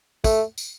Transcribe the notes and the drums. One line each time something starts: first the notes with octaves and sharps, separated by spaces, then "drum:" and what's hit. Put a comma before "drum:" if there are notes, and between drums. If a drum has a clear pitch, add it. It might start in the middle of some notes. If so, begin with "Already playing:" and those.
A3, drum: kick, tambourine
drum: tambourine